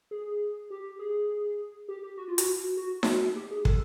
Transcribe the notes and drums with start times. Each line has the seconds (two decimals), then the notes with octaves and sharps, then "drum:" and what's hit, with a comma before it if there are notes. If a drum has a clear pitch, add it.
0.11 G#4
0.70 G4
0.99 G#4
1.89 G4
2.03 G4
2.17 F#4
2.28 F4
2.38 F#4, drum: hi-hat
2.77 F#4
3.03 drum: snare D#4
3.36 G4
3.51 G#4
3.65 A4, drum: kick